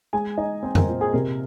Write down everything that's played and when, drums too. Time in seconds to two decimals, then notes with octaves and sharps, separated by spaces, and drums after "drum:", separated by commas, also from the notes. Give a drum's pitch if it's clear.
0.13 G#3 G#4 G#5
0.38 D#4 D#5
0.63 C4 C5
0.75 A#4, drum: tom F2
0.89 A#2
1.01 G#4
1.13 C3 A#4